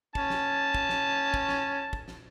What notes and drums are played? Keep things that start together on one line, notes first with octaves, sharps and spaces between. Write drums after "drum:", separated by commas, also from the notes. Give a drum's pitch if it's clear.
C#4 A5, drum: kick
drum: snare
drum: kick
drum: snare
drum: kick
drum: snare
drum: kick
drum: snare